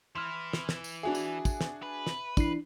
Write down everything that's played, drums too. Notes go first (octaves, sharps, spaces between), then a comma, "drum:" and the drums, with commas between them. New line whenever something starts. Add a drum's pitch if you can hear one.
E3 E4 C6 F6 E7 F7
drum: snare
drum: snare
drum: tambourine
D4 F#4 G#4 E5
drum: tambourine
drum: kick, tambourine
drum: snare
B4
drum: snare
E3 D4 E4 C7, drum: kick, tambourine